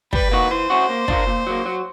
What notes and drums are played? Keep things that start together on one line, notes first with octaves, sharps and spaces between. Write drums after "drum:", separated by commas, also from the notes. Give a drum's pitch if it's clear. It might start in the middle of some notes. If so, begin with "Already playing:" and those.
G3 B4, drum: kick
A#3 D#4 F#4
E3 C5
A3 C#4 F#4
A#3
D4 F4 A#4, drum: kick
A#2
F#3 A#3
F#3